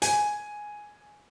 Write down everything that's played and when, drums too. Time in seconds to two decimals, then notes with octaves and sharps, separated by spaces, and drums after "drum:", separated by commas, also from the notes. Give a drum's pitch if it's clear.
0.02 G#5, drum: hi-hat